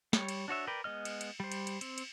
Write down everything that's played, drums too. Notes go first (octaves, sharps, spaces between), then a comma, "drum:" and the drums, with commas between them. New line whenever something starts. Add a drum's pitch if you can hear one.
G3 C#5, drum: snare
drum: cymbal
D4 F#4 C#5 E5
A#4 B4 D5 G5
G#3 B3 D#5 F6
drum: cymbal
drum: cymbal
G3 C5
drum: cymbal
drum: cymbal
C4, drum: cymbal
drum: cymbal